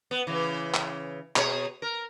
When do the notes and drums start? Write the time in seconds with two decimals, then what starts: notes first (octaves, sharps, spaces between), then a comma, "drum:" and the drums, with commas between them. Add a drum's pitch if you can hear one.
0.11 B3
0.27 C#3 E3
0.74 drum: clap
1.36 B2 G#4 C#5, drum: clap
1.82 A#4